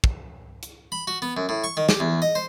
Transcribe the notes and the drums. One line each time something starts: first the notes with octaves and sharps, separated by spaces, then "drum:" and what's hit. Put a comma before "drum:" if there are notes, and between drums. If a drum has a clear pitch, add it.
drum: kick
drum: hi-hat
B5
F#4
B3
F#2
A2
C#6
D#3
G4, drum: snare
E2
D#5
C5